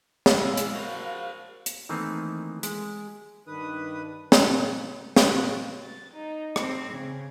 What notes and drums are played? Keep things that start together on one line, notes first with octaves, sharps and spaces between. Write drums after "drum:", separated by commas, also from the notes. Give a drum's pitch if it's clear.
drum: snare
G#3 E4 F5
drum: hi-hat
F#4 A#4 C5
drum: hi-hat
D#3 E3 A3 A#3 C4 D#4
G#3, drum: hi-hat
G2 D#3 B4 D#6
F#5, drum: snare
F#4 G4 B4, drum: snare
A6
D#4
C4, drum: rim click
C#3